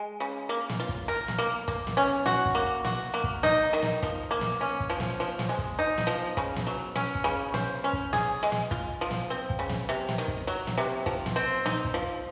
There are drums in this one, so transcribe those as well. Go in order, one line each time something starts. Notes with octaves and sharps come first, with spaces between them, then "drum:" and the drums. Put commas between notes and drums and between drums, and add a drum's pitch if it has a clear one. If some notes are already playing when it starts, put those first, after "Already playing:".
Already playing: G#3
C#3
A#3
drum: snare
F4
drum: kick
A#4
drum: snare
A#3
A#3, drum: kick
drum: snare
C#4
F#4, drum: snare
drum: kick
A#3
F#4, drum: snare
A#3
drum: kick
D#4, drum: snare
D#3
drum: snare
F3, drum: kick
A#3
drum: snare
C#4
drum: kick
F3
drum: snare
F3
drum: snare
G#3
drum: kick
D#4
drum: snare
F3
C#3, drum: kick
drum: snare
F#3
C#4, drum: snare
drum: kick
C#3
C5, drum: snare
C#4
drum: kick
G#4, drum: snare
G#3
drum: snare
F4, drum: kick
F3
drum: snare
C4
drum: kick
C#3
drum: snare
C3
drum: snare
D#3
drum: kick
F#3
drum: snare
C3
F3, drum: kick
drum: snare
C4
D#4, drum: snare
drum: kick
F3